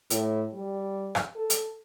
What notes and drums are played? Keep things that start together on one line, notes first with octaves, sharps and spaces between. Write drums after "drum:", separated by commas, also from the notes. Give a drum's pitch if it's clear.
A2, drum: hi-hat
G3
drum: rim click
A4
drum: hi-hat